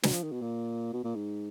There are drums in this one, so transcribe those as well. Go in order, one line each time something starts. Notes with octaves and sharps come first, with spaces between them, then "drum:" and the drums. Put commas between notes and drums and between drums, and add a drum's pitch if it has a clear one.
F#3, drum: snare
F3
D#3
B2
A#2
B2
A#2
G#2